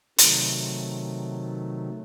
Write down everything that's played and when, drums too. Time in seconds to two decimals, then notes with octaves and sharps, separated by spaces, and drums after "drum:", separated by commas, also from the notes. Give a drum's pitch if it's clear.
0.19 C3 D#3 F#3 A3, drum: hi-hat